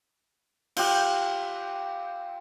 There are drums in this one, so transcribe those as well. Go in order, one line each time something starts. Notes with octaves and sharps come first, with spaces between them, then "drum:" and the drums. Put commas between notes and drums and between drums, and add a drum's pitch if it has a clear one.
F4 G4, drum: cymbal